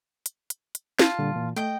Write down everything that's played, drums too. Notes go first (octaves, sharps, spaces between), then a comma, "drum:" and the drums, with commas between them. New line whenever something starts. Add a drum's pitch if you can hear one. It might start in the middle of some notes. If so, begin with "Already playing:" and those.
drum: hi-hat
drum: hi-hat
drum: hi-hat
F4 A5, drum: snare
A#2 D3 G3
A#2 E3
A3 D#5 G5